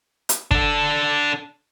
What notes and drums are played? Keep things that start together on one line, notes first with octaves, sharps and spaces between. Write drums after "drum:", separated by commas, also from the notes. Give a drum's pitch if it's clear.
drum: hi-hat
D4 A4, drum: kick